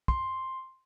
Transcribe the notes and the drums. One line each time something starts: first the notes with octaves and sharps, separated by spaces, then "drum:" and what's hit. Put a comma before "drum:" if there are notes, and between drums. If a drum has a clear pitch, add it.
C6, drum: kick